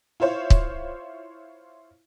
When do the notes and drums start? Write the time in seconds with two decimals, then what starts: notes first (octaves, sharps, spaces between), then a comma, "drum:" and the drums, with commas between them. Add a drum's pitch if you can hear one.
0.20 E4 F4 C5 C#5 F5
0.50 drum: kick